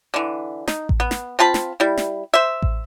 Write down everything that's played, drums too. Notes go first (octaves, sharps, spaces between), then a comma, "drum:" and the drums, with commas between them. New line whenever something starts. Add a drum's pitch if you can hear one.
D3 E3
D#4, drum: snare
drum: kick A1
B3
drum: snare
C4 F4 A5 B5
drum: snare
G3 E4
drum: snare
C5 E5
drum: kick A1